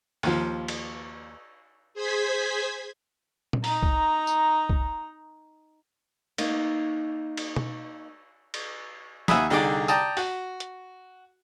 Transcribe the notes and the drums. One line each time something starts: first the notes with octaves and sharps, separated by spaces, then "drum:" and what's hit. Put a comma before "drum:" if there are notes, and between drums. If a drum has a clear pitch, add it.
D#2 F3, drum: open hi-hat
drum: cymbal
G#4 C5 G#6 B6
drum: tom A#2
D#4 A#5, drum: open hi-hat
drum: kick B1
drum: tambourine
drum: kick B1
A#3 D#4, drum: cymbal
drum: cymbal
drum: tom B2
drum: cymbal
D#2 E5 F#5 G#5 B5 D#6, drum: snare
C2 D3 D#4 G#4 D5 D6
D5 G5 A5 A#5 D#6, drum: tambourine
F#4, drum: open hi-hat
drum: hi-hat